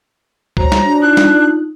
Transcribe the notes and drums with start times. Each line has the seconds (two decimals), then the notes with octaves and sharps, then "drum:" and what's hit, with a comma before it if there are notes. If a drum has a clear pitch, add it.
0.57 F#4 C5 C#5 A#5, drum: kick C#2
0.72 drum: snare
0.84 D4
1.02 D#4 F4 F#6
1.17 drum: snare